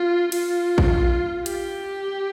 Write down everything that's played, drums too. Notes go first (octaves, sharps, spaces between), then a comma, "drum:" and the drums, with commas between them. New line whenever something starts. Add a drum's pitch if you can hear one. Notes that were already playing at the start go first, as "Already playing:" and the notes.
Already playing: F4
F4, drum: cymbal
drum: kick A#1
G4, drum: hi-hat